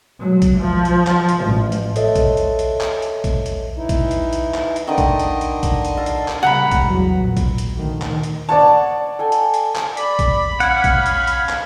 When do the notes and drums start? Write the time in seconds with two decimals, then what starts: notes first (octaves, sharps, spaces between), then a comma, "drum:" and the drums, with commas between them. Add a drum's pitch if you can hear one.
0.20 F#3
0.42 drum: kick A#1, hi-hat
0.58 F3
0.85 drum: hi-hat
1.07 drum: clap
1.29 drum: hi-hat
1.45 A1
1.72 drum: hi-hat
1.96 A4 C5 C#5 D#5 E5, drum: hi-hat
2.15 drum: kick A#1, hi-hat
2.37 drum: hi-hat
2.59 drum: hi-hat
2.81 drum: clap
3.02 drum: hi-hat
3.24 drum: kick A#1, hi-hat
3.46 drum: hi-hat
3.75 E3 D#4 E4
3.89 drum: kick A#1, hi-hat
4.11 drum: hi-hat
4.33 drum: hi-hat
4.54 drum: clap
4.76 drum: hi-hat
4.88 D3 D#3 D#5
4.98 drum: kick A#1, hi-hat
5.19 drum: hi-hat
5.41 drum: hi-hat
5.63 drum: kick A#1, hi-hat
5.85 drum: hi-hat
5.97 A4 F5
6.06 drum: hi-hat
6.28 drum: clap
6.43 C#3 G3 F#5 A#5 B5
6.71 drum: kick A#1, hi-hat
6.86 E2 F#3
7.20 A#2
7.37 drum: kick A#1, hi-hat
7.58 drum: hi-hat
7.73 D2 D#3
8.02 drum: clap
8.23 drum: hi-hat
8.49 C#5 D5 F#5 A5 D#6
9.19 A4 G5 G#5
9.32 drum: hi-hat
9.54 drum: hi-hat
9.75 drum: clap
9.97 D5 B5, drum: hi-hat
10.19 drum: kick A#1, hi-hat
10.60 C#4 F5 F#5, drum: hi-hat
10.84 drum: kick A#1, hi-hat
11.06 drum: hi-hat
11.27 drum: hi-hat
11.49 drum: clap